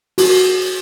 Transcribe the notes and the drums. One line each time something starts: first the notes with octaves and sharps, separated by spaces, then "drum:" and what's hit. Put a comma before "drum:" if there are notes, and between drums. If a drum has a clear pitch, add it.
F#4, drum: open hi-hat